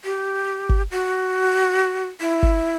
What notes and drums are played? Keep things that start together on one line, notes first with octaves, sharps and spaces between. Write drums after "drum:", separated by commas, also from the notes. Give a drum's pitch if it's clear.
G4
drum: kick G1
F#4
E4
drum: kick G1